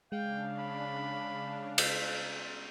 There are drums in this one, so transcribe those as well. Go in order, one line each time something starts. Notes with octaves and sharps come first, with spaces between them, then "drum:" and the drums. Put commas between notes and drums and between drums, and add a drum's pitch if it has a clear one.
C#3 G#3 D4 F5 G5
B5
drum: cymbal